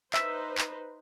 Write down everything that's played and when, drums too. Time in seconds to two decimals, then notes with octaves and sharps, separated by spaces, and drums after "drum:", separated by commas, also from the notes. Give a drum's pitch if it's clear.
0.14 D#4 B4 C5 E5, drum: clap
0.58 drum: clap